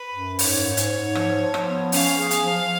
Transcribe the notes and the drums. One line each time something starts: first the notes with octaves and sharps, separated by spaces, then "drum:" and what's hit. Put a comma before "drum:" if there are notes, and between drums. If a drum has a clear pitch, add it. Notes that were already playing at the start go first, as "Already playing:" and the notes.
Already playing: B4
F#2
G#2 C#5, drum: open hi-hat
G#2
drum: hi-hat
G#2
F3, drum: rim click
F3
drum: rim click
B3
C#4 F5, drum: open hi-hat
G#4
F5, drum: hi-hat
F3